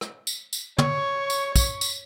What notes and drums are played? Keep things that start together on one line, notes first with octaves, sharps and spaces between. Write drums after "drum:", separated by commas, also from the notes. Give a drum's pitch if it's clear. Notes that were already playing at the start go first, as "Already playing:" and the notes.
drum: rim click
drum: tambourine
drum: tambourine
C#5 C#6, drum: tom
drum: tambourine
drum: kick, tambourine
drum: tambourine